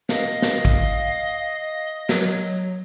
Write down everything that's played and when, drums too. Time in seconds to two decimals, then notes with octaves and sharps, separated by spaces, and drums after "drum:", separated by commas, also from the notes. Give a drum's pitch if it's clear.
0.09 D#5 F5, drum: snare
0.42 drum: snare
0.65 drum: kick
2.09 F#3, drum: snare